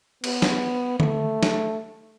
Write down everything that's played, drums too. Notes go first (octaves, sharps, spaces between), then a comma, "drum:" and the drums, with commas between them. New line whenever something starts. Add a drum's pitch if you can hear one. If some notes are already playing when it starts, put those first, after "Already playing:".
B3, drum: cymbal
drum: snare
A3, drum: tom D3
drum: snare